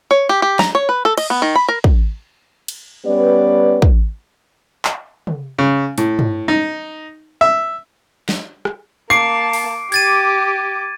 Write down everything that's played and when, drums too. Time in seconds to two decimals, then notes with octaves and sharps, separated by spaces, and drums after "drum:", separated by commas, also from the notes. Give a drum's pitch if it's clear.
0.11 C#5
0.29 G4
0.42 G4
0.59 A#5, drum: snare
0.75 C#5
0.89 B4
1.05 A4
1.17 D#5, drum: cymbal
1.30 B3
1.42 D#3
1.56 B5
1.68 A#4
1.84 drum: kick
2.68 drum: cymbal
3.06 G3 B3 C#4 G4 B4 D5
3.82 drum: kick
4.85 drum: clap
5.27 drum: tom
5.58 C#3
5.98 A2, drum: hi-hat
6.19 drum: tom
6.48 D#4
7.41 E5
8.29 drum: snare
8.65 drum: rim click
9.10 A#3 A5 D6 C7 D7
9.53 drum: open hi-hat
9.92 G4 D6 G#6 A6 D#7, drum: open hi-hat